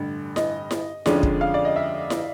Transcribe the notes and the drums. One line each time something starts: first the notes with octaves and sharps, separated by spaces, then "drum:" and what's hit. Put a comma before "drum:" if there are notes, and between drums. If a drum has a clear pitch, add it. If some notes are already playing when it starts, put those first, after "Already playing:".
Already playing: A1 G2 D3
D#5, drum: snare E4
drum: snare E4
F2 D3 F3 G#3 C#4 D5, drum: snare E4
drum: kick
F5
D5
D#5
E5
drum: snare E4